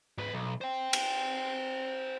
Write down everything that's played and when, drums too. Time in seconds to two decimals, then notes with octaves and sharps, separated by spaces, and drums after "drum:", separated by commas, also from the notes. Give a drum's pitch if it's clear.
0.18 G#2 B4
0.33 B1
0.61 C5 G5
0.93 drum: cymbal